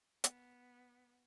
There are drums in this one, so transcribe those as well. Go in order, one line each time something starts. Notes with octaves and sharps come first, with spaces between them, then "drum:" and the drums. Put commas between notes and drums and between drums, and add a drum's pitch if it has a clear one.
B3, drum: hi-hat